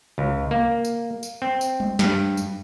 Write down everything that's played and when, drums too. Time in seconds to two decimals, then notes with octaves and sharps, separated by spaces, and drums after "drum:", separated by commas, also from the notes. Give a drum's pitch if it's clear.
0.18 C#2
0.51 A#3
0.85 drum: tambourine
1.23 drum: tambourine
1.42 C4
1.61 drum: tambourine
1.80 drum: tom G3
1.99 G2, drum: snare
2.37 drum: tambourine